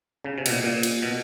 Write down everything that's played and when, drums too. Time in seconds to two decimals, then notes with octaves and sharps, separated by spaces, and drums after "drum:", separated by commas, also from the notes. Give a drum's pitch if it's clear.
0.24 C#3
0.38 C3
0.46 B2, drum: cymbal
0.51 A#2
0.63 A#2
0.83 drum: cymbal
1.02 B2